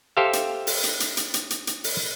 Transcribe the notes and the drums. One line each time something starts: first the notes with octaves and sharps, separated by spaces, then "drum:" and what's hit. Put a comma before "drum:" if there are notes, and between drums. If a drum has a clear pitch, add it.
G4 A4 C5 E5 F5
drum: hi-hat
drum: open hi-hat
drum: hi-hat
drum: hi-hat
drum: hi-hat
drum: hi-hat
drum: hi-hat
drum: hi-hat
drum: open hi-hat